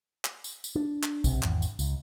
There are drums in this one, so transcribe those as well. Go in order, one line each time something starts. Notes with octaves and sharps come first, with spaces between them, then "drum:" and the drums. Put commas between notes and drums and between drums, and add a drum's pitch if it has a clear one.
drum: clap
drum: tambourine
drum: tambourine
D4
drum: clap
B1 C3, drum: kick, tambourine
G#1 E2, drum: clap
drum: tambourine
C#2, drum: tambourine